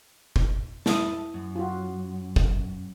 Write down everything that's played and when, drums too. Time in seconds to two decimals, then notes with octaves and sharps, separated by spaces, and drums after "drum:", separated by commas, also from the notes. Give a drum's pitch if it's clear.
0.36 drum: kick
0.86 E4 A5 D#6, drum: snare
1.34 F#2
1.56 F4 F#4
2.36 drum: kick